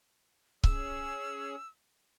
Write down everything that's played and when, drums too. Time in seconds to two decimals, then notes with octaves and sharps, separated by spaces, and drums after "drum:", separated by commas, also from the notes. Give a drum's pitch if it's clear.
0.64 C#4 G#4 E6, drum: kick C#1